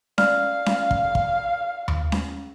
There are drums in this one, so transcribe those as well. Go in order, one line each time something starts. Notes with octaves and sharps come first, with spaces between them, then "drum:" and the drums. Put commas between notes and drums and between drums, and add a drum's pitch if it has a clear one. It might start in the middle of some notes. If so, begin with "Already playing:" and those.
D5 F5 F6, drum: snare C#4
drum: snare C#4
drum: kick
drum: kick
drum: tom D#2
drum: snare C#4